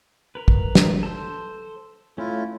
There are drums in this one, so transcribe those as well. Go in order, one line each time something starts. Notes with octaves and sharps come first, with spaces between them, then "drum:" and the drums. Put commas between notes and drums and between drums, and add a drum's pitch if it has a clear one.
A#4 B4
drum: kick
drum: snare
A4 C5
A3 C#4 E4 F4